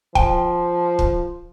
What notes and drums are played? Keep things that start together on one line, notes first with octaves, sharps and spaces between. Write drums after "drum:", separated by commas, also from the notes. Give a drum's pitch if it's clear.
F3 G5, drum: kick
drum: kick